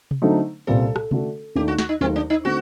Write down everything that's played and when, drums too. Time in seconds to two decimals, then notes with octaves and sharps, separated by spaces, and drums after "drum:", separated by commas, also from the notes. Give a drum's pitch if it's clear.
0.11 drum: tom C3
0.22 D3 F#3 A3 C4 D#4
0.67 C2 A#2 G3 C4 A4
0.96 drum: rim click
1.11 D3 A3 D4 F#4, drum: tom C3
1.55 D#2 D#3 A3 D4 G4
1.68 F#4
1.78 F#4, drum: snare
1.89 D#4
2.01 D#2 D#3 F#3 A3 C4 D#4
2.16 D4
2.30 D#4
2.45 D3 A3 C4 F#4